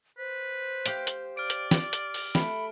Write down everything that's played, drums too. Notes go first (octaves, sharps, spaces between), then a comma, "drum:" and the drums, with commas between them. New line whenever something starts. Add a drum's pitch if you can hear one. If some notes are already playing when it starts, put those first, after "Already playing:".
B4 C5
G4 F5 G5, drum: hi-hat
drum: hi-hat
D5 F6 D7
drum: hi-hat
drum: snare
drum: hi-hat
drum: open hi-hat
A3 B5, drum: snare